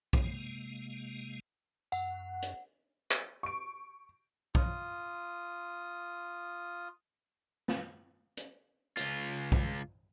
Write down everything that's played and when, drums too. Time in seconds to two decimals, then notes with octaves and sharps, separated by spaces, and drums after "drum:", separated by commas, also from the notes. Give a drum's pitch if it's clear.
0.13 C3 G#3 A#3, drum: kick B1
1.92 F#2 F#5, drum: tambourine
2.42 drum: hi-hat
3.11 drum: clap
3.43 C#6 D7
4.55 F4 D#6, drum: kick B1
7.68 drum: snare
8.37 drum: hi-hat
8.97 C#2 F4, drum: hi-hat
9.52 drum: kick B1